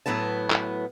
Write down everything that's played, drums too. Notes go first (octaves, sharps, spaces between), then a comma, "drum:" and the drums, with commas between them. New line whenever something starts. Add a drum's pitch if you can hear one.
A2 F#3 B3 B4 A5
drum: clap